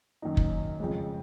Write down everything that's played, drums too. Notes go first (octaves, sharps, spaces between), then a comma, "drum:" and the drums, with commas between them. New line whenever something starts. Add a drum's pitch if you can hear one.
F#2 D#3 A#3 D#4
drum: kick
F2 C#3 F3 G#3